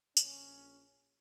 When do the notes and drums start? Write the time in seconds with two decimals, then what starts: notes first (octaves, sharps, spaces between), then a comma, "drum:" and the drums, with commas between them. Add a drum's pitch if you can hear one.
0.17 A#1 C#4, drum: tambourine